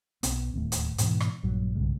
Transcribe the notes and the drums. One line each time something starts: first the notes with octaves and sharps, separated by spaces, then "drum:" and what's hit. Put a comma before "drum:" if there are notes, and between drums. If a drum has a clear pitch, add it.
B1 B3 C4, drum: hi-hat
D1 D#2 A3
drum: hi-hat
G#2 B2 E3, drum: hi-hat
drum: rim click
A#1 G2 F#3
B1 G2 C#3 G#3